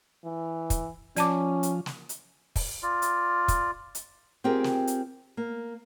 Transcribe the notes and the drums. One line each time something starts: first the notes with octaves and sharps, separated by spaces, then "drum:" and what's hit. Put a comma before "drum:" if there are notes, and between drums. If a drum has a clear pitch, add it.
E3
drum: kick, hi-hat
F3 C#4 D5 A5 D6, drum: hi-hat
drum: hi-hat
drum: snare
drum: hi-hat
drum: kick, open hi-hat
F4 D5
drum: hi-hat
drum: kick, hi-hat
drum: hi-hat
C4 F4 G4 G#4 A#4
drum: snare
drum: hi-hat
A#3